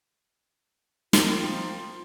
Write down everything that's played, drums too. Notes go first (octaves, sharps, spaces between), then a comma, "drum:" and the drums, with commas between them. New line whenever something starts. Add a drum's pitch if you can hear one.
F3 C4 F4 A#4, drum: snare